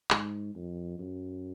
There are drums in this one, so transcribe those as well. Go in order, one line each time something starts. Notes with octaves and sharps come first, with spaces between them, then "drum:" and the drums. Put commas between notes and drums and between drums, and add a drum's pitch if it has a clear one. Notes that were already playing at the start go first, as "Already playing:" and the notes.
G#2, drum: clap
F2
F#2